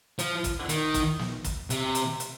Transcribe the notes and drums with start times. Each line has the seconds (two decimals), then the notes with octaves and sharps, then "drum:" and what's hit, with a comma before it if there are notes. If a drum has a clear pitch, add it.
0.19 F3, drum: hi-hat
0.44 drum: kick, hi-hat
0.69 D#3, drum: hi-hat
0.94 drum: kick, hi-hat
1.19 drum: snare
1.44 drum: kick, hi-hat
1.70 C3, drum: hi-hat
1.95 drum: hi-hat
2.20 drum: hi-hat